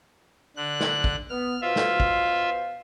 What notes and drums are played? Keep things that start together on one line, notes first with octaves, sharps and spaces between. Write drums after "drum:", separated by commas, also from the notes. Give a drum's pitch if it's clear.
D3 F#6
drum: snare
drum: kick
B3 F6
B2 F4 C5 E5 F5
drum: snare
drum: kick